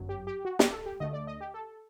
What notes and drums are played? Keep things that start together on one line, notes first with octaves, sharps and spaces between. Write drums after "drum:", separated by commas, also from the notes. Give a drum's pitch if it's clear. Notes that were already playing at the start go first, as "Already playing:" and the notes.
Already playing: G1 F#2 F#3
G4
G4
F#4
G4, drum: snare
A4
G4
D2 D3 A3 D#5
D5
D#5
G4
A4